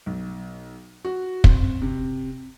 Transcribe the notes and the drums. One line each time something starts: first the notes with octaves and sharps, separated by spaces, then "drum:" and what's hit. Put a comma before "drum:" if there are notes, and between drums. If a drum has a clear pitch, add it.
B1
F#4
C4, drum: kick
C3